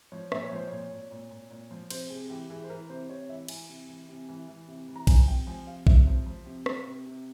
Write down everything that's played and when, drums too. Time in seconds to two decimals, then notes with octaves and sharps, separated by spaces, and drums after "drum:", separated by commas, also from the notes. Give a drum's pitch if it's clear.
0.12 F3 C#5
0.32 A#2 E5, drum: rim click
0.44 C#5
0.52 F3 C5
0.67 A#2 C#5
0.91 A#2
1.11 A#2
1.31 A#2
1.51 A#2
1.71 F3
1.90 C3 C5, drum: cymbal
2.10 C3 G#4
2.29 E3 G4
2.50 E3 G#4
2.64 C5
2.70 E3 A#4
2.89 C3 C5
3.09 C3 C#5
3.29 E3 E5
3.48 E3 G#5, drum: cymbal
3.69 C3
3.88 E3
4.08 C3
4.29 E3
4.48 E3
4.68 C3
4.88 E3
4.96 A#5
5.07 F3 G#5, drum: kick A#1, cymbal
5.28 C3 G5
5.47 F3 G#5
5.67 C3 F5
5.87 C3 E5, drum: kick A#1
6.07 F3
6.26 F3
6.46 C3
6.66 C3, drum: rim click
6.86 C3
7.06 C3